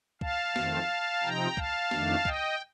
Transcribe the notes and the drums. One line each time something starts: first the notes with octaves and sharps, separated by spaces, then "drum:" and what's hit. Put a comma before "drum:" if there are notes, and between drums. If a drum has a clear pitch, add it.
F5 A5, drum: kick
F2 D#3 A3 C4, drum: snare
C3 F3 C4 D#4 G5 A#5
F5 A5, drum: kick
F2 D#3 A3 D4, drum: snare
D#5 G5, drum: kick